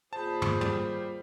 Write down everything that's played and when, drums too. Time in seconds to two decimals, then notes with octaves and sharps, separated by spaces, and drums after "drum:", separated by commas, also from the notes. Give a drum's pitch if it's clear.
0.13 D#2 A#2 G#4 C5 A5 B5
0.42 drum: tom
0.61 G3, drum: tom